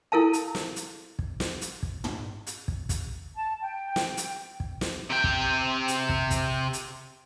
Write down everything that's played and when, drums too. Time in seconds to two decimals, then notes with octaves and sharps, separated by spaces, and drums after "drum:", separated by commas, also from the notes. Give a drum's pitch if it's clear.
0.12 E4 A4 A#4 F5 A5
0.33 drum: hi-hat
0.55 drum: snare
0.76 drum: hi-hat
1.19 drum: kick
1.40 drum: snare
1.61 drum: hi-hat
1.83 drum: kick
2.04 drum: tom
2.47 drum: hi-hat
2.68 drum: kick
2.89 drum: kick, hi-hat
3.35 A5
3.61 G5
3.96 drum: snare
4.17 drum: hi-hat
4.60 drum: kick
4.81 drum: snare
5.10 C3 G5
5.24 drum: kick
5.88 drum: hi-hat
6.09 drum: kick
6.31 drum: kick, hi-hat
6.73 drum: hi-hat